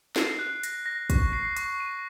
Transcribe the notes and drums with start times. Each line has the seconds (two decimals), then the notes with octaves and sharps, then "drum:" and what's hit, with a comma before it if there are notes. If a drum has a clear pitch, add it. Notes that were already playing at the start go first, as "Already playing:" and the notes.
0.16 C7, drum: snare
0.39 F#6
0.63 A#6, drum: hi-hat
0.86 A#6
1.10 C#6, drum: kick, hi-hat
1.33 C7
1.57 C#6, drum: hi-hat
1.80 D#7